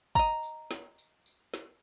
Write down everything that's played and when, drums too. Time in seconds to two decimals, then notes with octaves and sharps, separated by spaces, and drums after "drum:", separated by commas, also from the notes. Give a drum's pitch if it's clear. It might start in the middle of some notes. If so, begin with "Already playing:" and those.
0.15 D#5 A#5, drum: kick
0.43 drum: tambourine
0.71 drum: snare
0.98 drum: tambourine
1.26 drum: tambourine
1.54 drum: snare